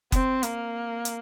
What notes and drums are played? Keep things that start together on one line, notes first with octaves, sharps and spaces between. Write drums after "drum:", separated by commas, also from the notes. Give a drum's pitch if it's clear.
C4, drum: kick F#1, hi-hat
A#3, drum: hi-hat
drum: hi-hat